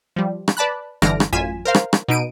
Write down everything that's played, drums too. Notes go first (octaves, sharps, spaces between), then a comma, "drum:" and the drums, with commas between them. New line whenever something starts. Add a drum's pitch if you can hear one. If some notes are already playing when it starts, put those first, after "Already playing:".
F3 G3
drum: rim click
B4 D5 A5 B5 F#6
G1 D3 E3 F6 A#6 D7, drum: rim click
drum: rim click
A1 F#2 F4 G#5 B6 E7
A#4 C5 F5
drum: rim click
drum: rim click
B2 D#4 D7 D#7